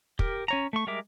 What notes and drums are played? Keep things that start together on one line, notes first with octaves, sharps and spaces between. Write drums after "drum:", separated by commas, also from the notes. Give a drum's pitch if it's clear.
G4 A#4, drum: kick
C#4 C#5 A#5
A3 C#6
G3 G#3 A#4 E5 D6